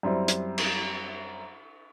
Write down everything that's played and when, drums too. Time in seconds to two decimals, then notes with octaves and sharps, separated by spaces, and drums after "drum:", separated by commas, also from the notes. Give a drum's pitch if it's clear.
0.03 F#2 G3 C4 E4
0.28 drum: hi-hat
0.58 drum: cymbal